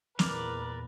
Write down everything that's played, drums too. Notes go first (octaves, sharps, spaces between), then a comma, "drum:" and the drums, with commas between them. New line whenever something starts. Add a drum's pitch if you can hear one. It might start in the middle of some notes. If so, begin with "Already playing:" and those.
E2 A#2 A#3 A#4 B4 D5, drum: snare